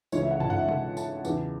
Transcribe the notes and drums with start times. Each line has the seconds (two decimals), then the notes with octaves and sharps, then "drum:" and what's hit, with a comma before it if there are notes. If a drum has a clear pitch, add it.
0.12 C#2 C#3 E3 C#5, drum: tambourine
0.22 E5
0.31 F#5
0.40 A5, drum: tom
0.50 F#5
0.59 E5
0.68 F#5, drum: tom
0.97 A5, drum: tambourine
1.25 E2 C#3 E3, drum: tambourine